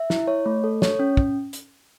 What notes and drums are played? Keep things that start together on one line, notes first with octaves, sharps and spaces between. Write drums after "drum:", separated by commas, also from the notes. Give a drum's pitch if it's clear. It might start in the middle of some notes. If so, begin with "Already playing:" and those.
Already playing: E5
E4, drum: snare
C#5
A3
A4
C#5, drum: snare
C#4
drum: kick
drum: hi-hat